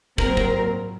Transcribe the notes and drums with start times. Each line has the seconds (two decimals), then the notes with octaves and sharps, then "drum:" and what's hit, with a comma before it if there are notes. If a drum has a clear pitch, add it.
0.18 A#2 F#3 C4 A#4, drum: kick
0.37 drum: kick